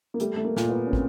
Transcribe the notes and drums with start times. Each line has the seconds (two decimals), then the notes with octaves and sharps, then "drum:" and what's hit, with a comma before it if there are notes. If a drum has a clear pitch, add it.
0.14 A#3
0.20 G3 A3, drum: hi-hat
0.36 A3
0.45 A#3
0.56 A#2, drum: snare
0.69 B3
0.87 C#4
0.93 C4, drum: kick